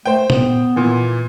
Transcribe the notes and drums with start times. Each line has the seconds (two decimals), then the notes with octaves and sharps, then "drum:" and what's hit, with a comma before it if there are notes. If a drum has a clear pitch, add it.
0.06 A3 C5 G5
0.30 B3, drum: tom A#2
0.76 A#2 E3